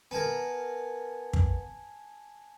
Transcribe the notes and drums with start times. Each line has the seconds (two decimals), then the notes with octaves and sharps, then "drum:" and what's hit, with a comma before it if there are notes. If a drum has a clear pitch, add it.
0.11 B3 A#4 G#5 A5 G#6
1.33 drum: kick